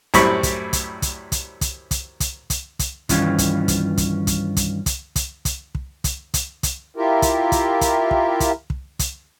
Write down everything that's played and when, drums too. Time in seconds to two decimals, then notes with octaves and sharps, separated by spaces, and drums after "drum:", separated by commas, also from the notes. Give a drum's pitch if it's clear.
0.14 F#2 A2 G3 C4 B5 C#6, drum: kick, hi-hat
0.43 drum: kick, hi-hat
0.73 drum: kick, hi-hat
1.02 drum: kick, hi-hat
1.32 drum: kick, hi-hat
1.61 drum: kick, hi-hat
1.91 drum: kick, hi-hat
2.20 drum: kick, hi-hat
2.50 drum: kick, hi-hat
2.79 drum: kick, hi-hat
3.09 G2 D#3 E3 C#4 F4, drum: kick, hi-hat
3.38 drum: kick, hi-hat
3.68 drum: kick, hi-hat
3.97 drum: kick, hi-hat
4.27 drum: kick, hi-hat
4.57 drum: kick, hi-hat
4.86 drum: kick, hi-hat
5.16 drum: kick, hi-hat
5.45 drum: kick, hi-hat
5.75 drum: kick
6.04 drum: kick, hi-hat
6.34 drum: kick, hi-hat
6.63 drum: kick, hi-hat
6.97 E4 F4 G4 A#4
7.22 drum: kick, hi-hat
7.52 drum: kick, hi-hat
7.81 drum: kick, hi-hat
8.11 drum: kick
8.40 drum: kick, hi-hat
8.70 drum: kick
8.99 drum: kick, hi-hat